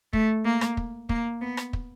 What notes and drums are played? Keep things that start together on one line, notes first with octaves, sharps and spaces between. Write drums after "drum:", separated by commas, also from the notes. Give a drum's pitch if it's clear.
A3, drum: kick
A#3
drum: rim click
drum: kick
A#3, drum: kick
B3
drum: rim click
drum: kick